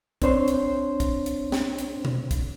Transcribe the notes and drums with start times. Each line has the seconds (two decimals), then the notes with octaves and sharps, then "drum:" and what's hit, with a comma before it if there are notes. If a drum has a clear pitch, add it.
0.22 C4 D4 C5 C#5 C6, drum: kick, hi-hat
0.48 drum: hi-hat
1.00 drum: kick, hi-hat
1.26 drum: hi-hat
1.52 drum: snare
1.78 drum: hi-hat
2.05 drum: tom B2
2.31 drum: kick, hi-hat